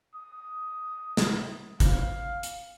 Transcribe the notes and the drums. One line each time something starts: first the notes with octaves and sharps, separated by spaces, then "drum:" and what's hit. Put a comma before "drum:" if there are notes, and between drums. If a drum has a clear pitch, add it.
D#6
drum: snare
F5, drum: kick, hi-hat
drum: hi-hat